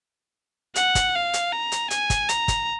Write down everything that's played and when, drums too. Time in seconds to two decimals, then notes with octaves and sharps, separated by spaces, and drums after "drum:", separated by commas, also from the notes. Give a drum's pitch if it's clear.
0.75 F#5, drum: hi-hat
0.95 drum: kick, hi-hat
1.15 F5
1.33 drum: hi-hat
1.52 A#5
1.72 drum: hi-hat
1.90 G#5, drum: hi-hat
2.10 drum: kick, hi-hat
2.29 A#5, drum: hi-hat
2.48 drum: kick, hi-hat